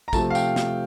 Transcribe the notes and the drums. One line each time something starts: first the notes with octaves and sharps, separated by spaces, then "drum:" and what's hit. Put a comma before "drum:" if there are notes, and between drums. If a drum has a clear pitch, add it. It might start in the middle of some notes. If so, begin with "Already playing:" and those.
A#5
C3 F3 A3 A5, drum: kick, tambourine
F5
G5, drum: tambourine
drum: snare